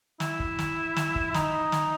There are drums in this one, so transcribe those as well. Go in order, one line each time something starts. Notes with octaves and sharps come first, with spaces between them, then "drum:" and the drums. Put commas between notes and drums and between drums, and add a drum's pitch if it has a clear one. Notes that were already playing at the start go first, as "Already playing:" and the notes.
E4, drum: snare
drum: kick
drum: snare
drum: snare
drum: kick
E4
D#4, drum: snare
drum: snare